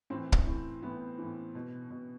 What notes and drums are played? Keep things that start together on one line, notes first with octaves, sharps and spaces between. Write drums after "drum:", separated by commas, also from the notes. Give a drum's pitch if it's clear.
A2 E3 C4
drum: kick
A2 E3
A2 E3 B3
A2 E3
B2
B2